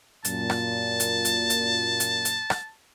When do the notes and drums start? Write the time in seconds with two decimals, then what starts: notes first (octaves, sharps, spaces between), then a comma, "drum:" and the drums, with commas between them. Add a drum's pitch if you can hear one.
0.25 F#2 A#2 A5, drum: hi-hat
0.50 drum: rim click
1.00 drum: hi-hat
1.25 drum: hi-hat
1.50 drum: hi-hat
2.00 drum: hi-hat
2.25 drum: hi-hat
2.50 drum: rim click